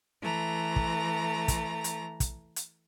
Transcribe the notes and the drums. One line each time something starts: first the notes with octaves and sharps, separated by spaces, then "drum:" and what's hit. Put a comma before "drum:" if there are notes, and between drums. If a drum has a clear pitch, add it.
E3 A3 A#5
drum: kick
drum: kick, hi-hat
drum: hi-hat
drum: kick, hi-hat
drum: hi-hat